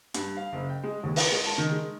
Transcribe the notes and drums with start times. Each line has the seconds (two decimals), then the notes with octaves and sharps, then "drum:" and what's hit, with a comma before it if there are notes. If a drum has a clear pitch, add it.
0.14 G2, drum: hi-hat
0.37 F5
0.53 F#1
0.69 G5
0.83 G#3
1.03 D#2
1.16 B4, drum: open hi-hat
1.32 G#3
1.46 A5
1.58 D#3
1.71 G#3